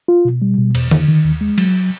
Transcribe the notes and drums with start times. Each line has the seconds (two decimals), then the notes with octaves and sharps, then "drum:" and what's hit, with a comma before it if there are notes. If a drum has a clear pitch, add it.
0.08 F4
0.25 B2
0.42 G3
0.58 B2
0.75 E2, drum: cymbal
0.91 D#3, drum: tom D3
1.08 D#3
1.24 D#2
1.41 G#3
1.58 F#3, drum: cymbal